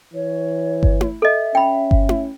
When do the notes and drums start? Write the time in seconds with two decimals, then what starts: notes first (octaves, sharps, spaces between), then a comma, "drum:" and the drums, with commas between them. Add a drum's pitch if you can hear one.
0.14 E3 C#5
0.83 drum: kick G1
1.01 drum: tom E4
1.22 A4 D#5 E5
1.55 C#4 G5 B5
1.91 drum: kick G1
2.09 drum: tom E4